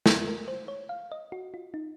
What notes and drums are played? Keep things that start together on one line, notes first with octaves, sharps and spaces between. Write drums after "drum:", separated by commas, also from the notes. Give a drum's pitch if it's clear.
A#4, drum: snare
A#4
C5
C#5
F5
D#5
F#4
F4
D#4